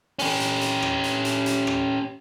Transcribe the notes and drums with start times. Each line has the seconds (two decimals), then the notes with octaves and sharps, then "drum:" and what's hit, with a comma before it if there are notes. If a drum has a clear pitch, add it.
0.19 C#4 G4, drum: open hi-hat
0.40 drum: hi-hat
0.61 drum: hi-hat
0.82 drum: rim click
1.04 drum: hi-hat
1.25 drum: hi-hat
1.46 drum: hi-hat
1.67 drum: rim click